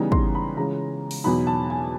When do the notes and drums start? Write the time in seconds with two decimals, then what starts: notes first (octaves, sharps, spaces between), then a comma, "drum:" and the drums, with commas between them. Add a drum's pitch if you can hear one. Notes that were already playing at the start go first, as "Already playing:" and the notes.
Already playing: C#3 E3 G3 B3 D#4 A#5
0.12 C6, drum: kick
0.35 B5
0.57 C#3 E3 G#3 C#4 F4 A#5
1.11 drum: open hi-hat
1.24 E2 B2 F#3 B3 D#4 B5
1.47 A5
1.70 G#5